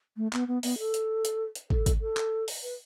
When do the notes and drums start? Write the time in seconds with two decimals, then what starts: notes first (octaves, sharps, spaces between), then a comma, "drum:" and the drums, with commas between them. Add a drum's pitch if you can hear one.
0.17 A3
0.33 B3, drum: clap
0.48 B3
0.63 B3, drum: open hi-hat
0.79 A4
0.94 drum: hi-hat
1.25 drum: hi-hat
1.55 drum: hi-hat
1.70 A4, drum: kick
1.86 drum: kick, hi-hat
2.01 A4
2.17 drum: clap
2.48 drum: open hi-hat
2.63 B4